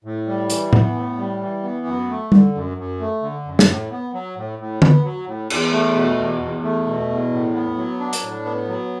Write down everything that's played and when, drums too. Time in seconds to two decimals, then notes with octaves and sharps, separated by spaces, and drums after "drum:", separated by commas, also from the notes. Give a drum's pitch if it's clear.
0.04 A2
0.27 G3
0.50 E3, drum: hi-hat
0.73 B3, drum: tom A2
0.95 A2
1.18 G3
1.41 E3
1.63 B3
1.87 F#2
2.09 A3
2.32 D3, drum: tom G3
2.55 F#2
2.77 F#2
3.00 A3
3.22 D3
3.45 F#2
3.59 drum: snare
3.69 A2
3.91 B3
4.14 F#3
4.37 A2
4.59 A2
4.82 B3, drum: tom D3
5.04 F#3
5.27 A2
5.50 E2, drum: cymbal
5.73 A3
5.95 B2
6.18 E2
6.41 E2
6.64 A3
6.87 B2
7.09 E2
7.31 A2
7.54 B3
7.77 F#3
8.00 D4
8.13 drum: hi-hat
8.23 A2
8.45 B3
8.69 F#3